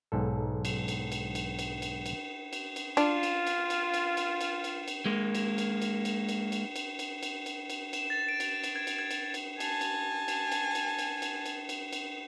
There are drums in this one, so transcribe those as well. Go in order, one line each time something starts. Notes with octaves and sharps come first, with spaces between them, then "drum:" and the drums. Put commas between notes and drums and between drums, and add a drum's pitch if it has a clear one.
B1 G#2 A4
drum: cymbal
drum: cymbal
drum: cymbal
drum: cymbal
drum: cymbal
drum: cymbal
drum: cymbal
drum: cymbal
drum: cymbal
D4 F4, drum: cymbal
drum: cymbal
drum: cymbal
drum: cymbal
drum: cymbal
drum: cymbal
drum: cymbal
drum: cymbal
drum: cymbal
G#3 A#3
drum: cymbal
drum: cymbal
drum: cymbal
drum: cymbal
drum: cymbal
drum: cymbal
drum: cymbal
drum: cymbal
drum: cymbal
drum: cymbal
drum: cymbal
E7, drum: cymbal
A6
D7
drum: cymbal
drum: cymbal
G#6
drum: cymbal
G#6
drum: cymbal
drum: cymbal
G#5 A5, drum: cymbal
drum: cymbal
drum: cymbal
drum: cymbal
drum: cymbal
drum: cymbal
drum: cymbal
drum: cymbal
drum: cymbal
drum: cymbal